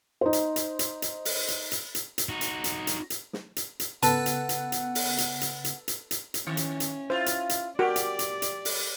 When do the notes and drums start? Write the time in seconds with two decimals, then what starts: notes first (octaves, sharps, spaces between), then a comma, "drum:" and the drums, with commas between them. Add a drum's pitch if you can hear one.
0.21 D#4 C5
0.33 drum: hi-hat
0.56 drum: hi-hat
0.79 drum: hi-hat
1.02 drum: hi-hat
1.25 drum: open hi-hat
1.48 drum: hi-hat
1.72 drum: hi-hat
1.95 drum: hi-hat
2.18 drum: hi-hat
2.29 D#4 F#4
2.41 drum: hi-hat
2.64 drum: hi-hat
2.87 drum: hi-hat
3.10 drum: hi-hat
3.33 drum: snare
3.56 drum: hi-hat
3.80 drum: hi-hat
4.03 C#3 B3 A4 B4 F#5 A5, drum: hi-hat
4.26 drum: hi-hat
4.49 drum: hi-hat
4.72 drum: hi-hat
4.95 drum: open hi-hat
5.18 drum: hi-hat
5.41 drum: hi-hat
5.65 drum: hi-hat
5.88 drum: hi-hat
6.11 drum: hi-hat
6.34 drum: hi-hat
6.47 D#3 C#4
6.57 drum: hi-hat
6.80 drum: hi-hat
7.10 E4 F4 C5
7.26 drum: hi-hat
7.49 drum: hi-hat
7.79 F#4 G4 A#4 D5
7.96 drum: hi-hat
8.19 drum: hi-hat
8.42 drum: hi-hat
8.65 drum: open hi-hat